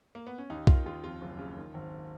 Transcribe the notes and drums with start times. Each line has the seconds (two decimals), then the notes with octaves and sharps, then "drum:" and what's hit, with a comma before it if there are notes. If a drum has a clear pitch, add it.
0.15 A#3
0.27 B3
0.38 C#4
0.50 D#2 D#4
0.67 D#3 F4, drum: kick
0.86 D#2 F4
1.04 F2 F4
1.22 F#1
1.39 C#3
1.57 D#3
1.74 G#1